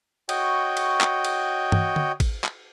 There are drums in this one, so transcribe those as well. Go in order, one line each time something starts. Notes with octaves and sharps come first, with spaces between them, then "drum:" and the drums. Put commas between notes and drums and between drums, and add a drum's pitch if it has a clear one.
F#4 C#5 D#5 G5, drum: cymbal
drum: cymbal
drum: clap
drum: cymbal
drum: tom
drum: tom D3
drum: kick, cymbal
drum: clap